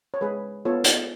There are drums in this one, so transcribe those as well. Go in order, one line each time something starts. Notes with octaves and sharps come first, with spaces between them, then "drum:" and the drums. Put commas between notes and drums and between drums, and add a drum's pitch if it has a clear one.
C#5
G#3 G#4 B4
B3 F4 A4 C#5
drum: hi-hat